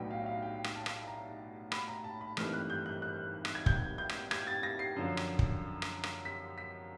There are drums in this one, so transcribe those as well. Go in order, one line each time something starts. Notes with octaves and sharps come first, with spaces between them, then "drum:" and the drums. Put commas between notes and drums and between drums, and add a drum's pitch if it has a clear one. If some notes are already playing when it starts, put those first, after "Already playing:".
Already playing: B1 A2 F#3 B3 D4 G5
F5
E5
F5
G5
drum: rim click
A5
drum: rim click
A#5
B5, drum: rim click
A#5
A5
B5
G#1 G2 E3 A3 F6, drum: rim click
F#6
G6
F#6
F#6
drum: rim click
G#6
G6, drum: kick
G6
drum: rim click
G#6, drum: rim click
A6
A#6
C7
F#2 D3 F3
drum: rim click
drum: kick
drum: rim click
drum: rim click
B6
B6